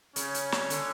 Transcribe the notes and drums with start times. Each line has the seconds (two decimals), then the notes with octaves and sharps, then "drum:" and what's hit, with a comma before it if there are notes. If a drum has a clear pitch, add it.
0.16 C#3 C#4 C#5, drum: hi-hat
0.34 drum: hi-hat
0.52 drum: snare
0.70 D3, drum: hi-hat